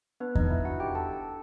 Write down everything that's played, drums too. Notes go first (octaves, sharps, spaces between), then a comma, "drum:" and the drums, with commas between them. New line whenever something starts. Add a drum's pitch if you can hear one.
B3 D4 B4
D#4 D#5, drum: kick E2
D4
E4 E5
D4 F#4 F#5
G4 G5
D4
A4 A5
A4